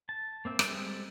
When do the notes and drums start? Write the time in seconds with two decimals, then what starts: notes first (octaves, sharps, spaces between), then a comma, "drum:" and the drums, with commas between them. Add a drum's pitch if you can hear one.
0.09 A5
0.45 A#3 C4 E5
0.59 G3 G#3 C4 A4, drum: rim click